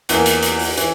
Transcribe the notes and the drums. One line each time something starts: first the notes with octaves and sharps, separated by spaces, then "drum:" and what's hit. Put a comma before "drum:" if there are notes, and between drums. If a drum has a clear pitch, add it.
E2 E3 A#3, drum: hi-hat
drum: hi-hat
drum: hi-hat
drum: open hi-hat
E3, drum: hi-hat